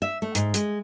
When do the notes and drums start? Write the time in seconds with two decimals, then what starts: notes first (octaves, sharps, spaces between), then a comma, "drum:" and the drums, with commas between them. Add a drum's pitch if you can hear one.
0.02 E5
0.22 A3
0.35 G#2, drum: hi-hat
0.54 G#3, drum: hi-hat